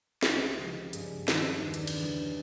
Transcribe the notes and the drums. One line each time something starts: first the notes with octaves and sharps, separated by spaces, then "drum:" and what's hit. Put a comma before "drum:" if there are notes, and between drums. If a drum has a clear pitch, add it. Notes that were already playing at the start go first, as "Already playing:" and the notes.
C#2 G4, drum: snare
C#3 F3 G#3
G2, drum: hi-hat
D#3 G3, drum: snare
E2 D4
drum: hi-hat
drum: cymbal
C#3 E3 G3